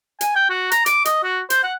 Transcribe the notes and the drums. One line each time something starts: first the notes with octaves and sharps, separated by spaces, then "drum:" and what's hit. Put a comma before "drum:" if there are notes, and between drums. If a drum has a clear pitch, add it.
G#5, drum: hi-hat
G5
F#4
A#5, drum: hi-hat
D6, drum: hi-hat
D#5, drum: hi-hat
F#4
C5, drum: hi-hat
F#5